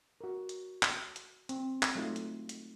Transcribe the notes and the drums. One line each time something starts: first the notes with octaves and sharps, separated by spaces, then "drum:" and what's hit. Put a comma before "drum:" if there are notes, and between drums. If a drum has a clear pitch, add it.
F#4 A#4
drum: hi-hat
drum: clap
drum: hi-hat
C4, drum: hi-hat
drum: clap
F#3 G#3 A3 D#4 F4
drum: hi-hat
drum: hi-hat